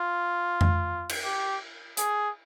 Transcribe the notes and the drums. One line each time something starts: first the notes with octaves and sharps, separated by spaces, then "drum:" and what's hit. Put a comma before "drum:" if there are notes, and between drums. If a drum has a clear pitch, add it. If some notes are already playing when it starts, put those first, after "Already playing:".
Already playing: F4
drum: tom F2
drum: cymbal
G4
G#4, drum: hi-hat